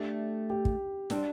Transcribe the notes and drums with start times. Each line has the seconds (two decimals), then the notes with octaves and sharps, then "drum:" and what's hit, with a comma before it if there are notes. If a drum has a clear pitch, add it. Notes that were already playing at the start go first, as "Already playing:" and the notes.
Already playing: A3 D4 G4
0.50 G4
0.65 drum: kick
1.10 G3 C4 D4, drum: snare